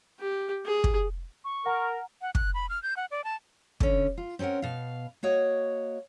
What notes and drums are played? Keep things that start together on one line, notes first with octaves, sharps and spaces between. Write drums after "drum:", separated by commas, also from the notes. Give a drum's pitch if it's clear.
G4
G#4
drum: kick
C#6
A#4 F#5 A#5
F#5
F#6, drum: kick
B5
F6
G6
F#5
D5
A5
D3 C#4, drum: kick
F4
C4 C#4 A4 A#4 F#5
B2 F5
A#3 F#4 C#5 D#5